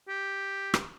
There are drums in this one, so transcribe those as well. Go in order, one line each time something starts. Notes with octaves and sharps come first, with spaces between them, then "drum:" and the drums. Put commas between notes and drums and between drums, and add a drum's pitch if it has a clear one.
G4
drum: rim click